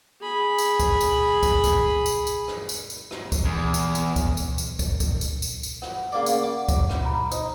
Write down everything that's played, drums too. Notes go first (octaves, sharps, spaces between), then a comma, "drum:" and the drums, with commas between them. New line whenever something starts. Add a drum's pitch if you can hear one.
G#4 B5
drum: tambourine
drum: kick, tambourine
drum: tambourine
drum: kick, tambourine
drum: kick, tambourine
drum: tambourine
drum: tambourine
drum: rim click
drum: tambourine
drum: tambourine
drum: rim click
drum: kick, tambourine
E2
drum: tambourine
drum: tambourine
drum: kick, tambourine
drum: tambourine
drum: tambourine
drum: kick, tambourine
drum: kick, tambourine
drum: tambourine
drum: tambourine
drum: tambourine
F#5, drum: rim click
C#3 A#3 D5
drum: tambourine
F#5 D6
drum: kick, tambourine
drum: rim click
A#5 B5
D#4 C5, drum: tambourine